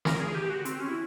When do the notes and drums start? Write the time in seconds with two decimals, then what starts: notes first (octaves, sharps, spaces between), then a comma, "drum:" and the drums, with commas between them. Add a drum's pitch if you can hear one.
0.05 A#4, drum: snare
0.20 G#4
0.35 G4
0.50 F#4
0.65 C4, drum: hi-hat
0.80 C#4
0.89 E4